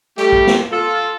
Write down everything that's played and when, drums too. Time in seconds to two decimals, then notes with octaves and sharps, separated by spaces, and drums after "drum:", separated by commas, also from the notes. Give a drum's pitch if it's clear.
0.18 G3 A3 G4, drum: hi-hat
0.33 drum: kick
0.47 drum: snare
0.71 F4 A4